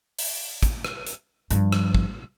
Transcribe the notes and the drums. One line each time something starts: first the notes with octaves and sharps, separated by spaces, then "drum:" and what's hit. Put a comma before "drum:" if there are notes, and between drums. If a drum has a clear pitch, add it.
drum: open hi-hat
drum: kick, hi-hat
drum: rim click
drum: hi-hat
G2 F3, drum: hi-hat
drum: rim click
drum: kick